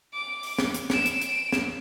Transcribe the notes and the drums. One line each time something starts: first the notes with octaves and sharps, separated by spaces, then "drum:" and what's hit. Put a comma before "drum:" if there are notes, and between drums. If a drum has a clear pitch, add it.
D6
drum: open hi-hat
drum: snare
drum: hi-hat
D7 E7, drum: snare
drum: hi-hat
drum: hi-hat
drum: snare